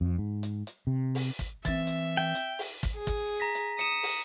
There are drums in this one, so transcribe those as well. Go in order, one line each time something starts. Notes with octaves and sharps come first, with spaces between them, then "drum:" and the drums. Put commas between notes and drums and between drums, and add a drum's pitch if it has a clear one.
F2
G#2
drum: hi-hat
drum: hi-hat
C3
drum: open hi-hat
drum: kick, hi-hat
E3 C4 E5 A6, drum: kick, hi-hat
drum: hi-hat
G5
drum: hi-hat
drum: open hi-hat
drum: kick, hi-hat
G#4
drum: kick, hi-hat
A#5 A#6 B6
drum: hi-hat
D#6 C#7 E7, drum: hi-hat
drum: open hi-hat